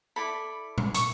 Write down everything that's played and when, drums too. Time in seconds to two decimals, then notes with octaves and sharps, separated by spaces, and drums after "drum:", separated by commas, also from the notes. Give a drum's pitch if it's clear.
0.16 E4 A4 D5 B5
0.78 drum: tom A#2
0.94 C#6, drum: hi-hat